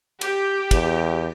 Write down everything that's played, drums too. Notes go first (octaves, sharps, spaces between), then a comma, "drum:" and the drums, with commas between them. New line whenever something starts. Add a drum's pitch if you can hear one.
G4, drum: cymbal
E2, drum: kick, cymbal